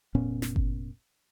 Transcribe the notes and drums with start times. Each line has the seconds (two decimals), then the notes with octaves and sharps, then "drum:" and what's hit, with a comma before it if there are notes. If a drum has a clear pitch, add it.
0.15 F1 A#2 B3 C#4
0.42 drum: snare
0.56 drum: kick G1